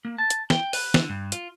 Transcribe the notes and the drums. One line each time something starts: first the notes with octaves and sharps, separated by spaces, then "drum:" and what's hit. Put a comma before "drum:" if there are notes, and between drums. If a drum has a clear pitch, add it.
A#3
A5
drum: hi-hat
G5, drum: snare
B4, drum: open hi-hat
D3, drum: snare
G2
F4, drum: hi-hat